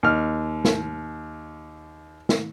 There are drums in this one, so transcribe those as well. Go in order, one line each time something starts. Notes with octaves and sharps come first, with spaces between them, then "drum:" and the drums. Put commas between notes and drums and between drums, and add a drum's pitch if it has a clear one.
D#2 F6
drum: snare
drum: snare